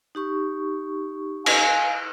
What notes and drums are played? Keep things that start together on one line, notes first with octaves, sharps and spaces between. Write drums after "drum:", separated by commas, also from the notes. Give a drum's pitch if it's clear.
D#4 G4 C#6
F5 G#5, drum: cymbal